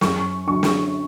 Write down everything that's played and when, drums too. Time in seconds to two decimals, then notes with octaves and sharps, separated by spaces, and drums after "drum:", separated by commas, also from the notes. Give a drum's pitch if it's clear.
0.01 F#2 C#6, drum: snare
0.47 D3 F#3 C#6
0.63 drum: snare